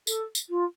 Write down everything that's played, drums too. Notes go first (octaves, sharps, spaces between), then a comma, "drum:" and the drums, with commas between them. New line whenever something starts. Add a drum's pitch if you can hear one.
A4, drum: tambourine
drum: tambourine
F4